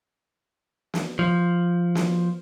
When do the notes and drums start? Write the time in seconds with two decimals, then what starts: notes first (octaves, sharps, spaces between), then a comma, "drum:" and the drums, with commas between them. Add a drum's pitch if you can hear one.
0.94 drum: snare
1.19 F3
1.95 drum: snare